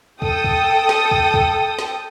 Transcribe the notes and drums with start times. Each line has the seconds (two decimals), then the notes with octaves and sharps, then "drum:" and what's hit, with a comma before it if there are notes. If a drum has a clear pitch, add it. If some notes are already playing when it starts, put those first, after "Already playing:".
0.22 A4 G5 D#6, drum: kick
0.44 drum: kick
0.89 drum: snare
1.11 drum: kick
1.34 drum: kick
1.79 drum: snare